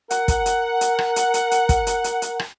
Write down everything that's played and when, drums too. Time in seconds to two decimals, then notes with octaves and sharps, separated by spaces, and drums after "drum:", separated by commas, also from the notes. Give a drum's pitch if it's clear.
0.10 A#4 F#5, drum: hi-hat
0.28 drum: kick, hi-hat
0.46 drum: hi-hat
0.81 drum: hi-hat
0.99 drum: rim click
1.16 drum: hi-hat
1.34 drum: hi-hat
1.51 drum: hi-hat
1.69 drum: kick, hi-hat
1.87 drum: hi-hat
2.04 drum: hi-hat
2.22 drum: hi-hat
2.39 drum: rim click